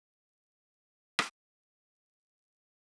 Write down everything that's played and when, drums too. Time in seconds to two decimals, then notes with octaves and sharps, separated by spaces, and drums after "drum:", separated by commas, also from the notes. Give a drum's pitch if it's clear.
1.19 drum: rim click
2.19 A4 A5 C#6 E6 F#6